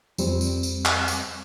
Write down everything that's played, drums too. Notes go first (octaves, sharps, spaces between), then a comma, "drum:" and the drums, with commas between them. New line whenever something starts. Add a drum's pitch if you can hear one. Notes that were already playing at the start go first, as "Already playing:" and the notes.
F2 G3 C4, drum: tambourine
drum: tambourine
drum: tambourine
drum: clap
drum: tambourine